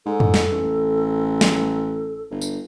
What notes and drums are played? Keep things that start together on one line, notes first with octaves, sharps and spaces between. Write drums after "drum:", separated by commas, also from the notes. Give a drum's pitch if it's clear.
G#2 A4
drum: tom
drum: snare
A1
drum: snare
G1
drum: tambourine